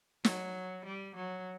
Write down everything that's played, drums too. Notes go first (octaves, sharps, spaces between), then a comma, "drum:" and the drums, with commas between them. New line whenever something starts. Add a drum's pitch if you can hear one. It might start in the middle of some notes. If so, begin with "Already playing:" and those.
F#3, drum: snare
G3
F#3